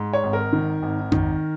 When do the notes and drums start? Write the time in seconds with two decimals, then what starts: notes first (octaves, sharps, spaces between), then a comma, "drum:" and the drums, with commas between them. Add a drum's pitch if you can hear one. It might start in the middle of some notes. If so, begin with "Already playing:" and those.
Already playing: G#2
0.13 C#5
0.24 G#1
0.33 A#4
0.53 D#3
0.82 G#1
1.12 D#3, drum: tom F2